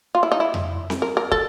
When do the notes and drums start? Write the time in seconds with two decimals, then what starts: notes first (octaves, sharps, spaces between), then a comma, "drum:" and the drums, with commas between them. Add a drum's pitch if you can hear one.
0.15 F4
0.23 E4
0.32 D#4
0.40 E4
0.54 drum: tom F2
0.90 drum: snare C4
1.02 A#4
1.17 A#4
1.32 A4, drum: kick